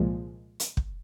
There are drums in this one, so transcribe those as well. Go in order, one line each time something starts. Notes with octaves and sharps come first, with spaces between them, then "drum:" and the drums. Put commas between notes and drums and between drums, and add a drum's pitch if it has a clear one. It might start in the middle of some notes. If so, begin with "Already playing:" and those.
Already playing: C2 A#2 F3 G#3
drum: hi-hat
drum: kick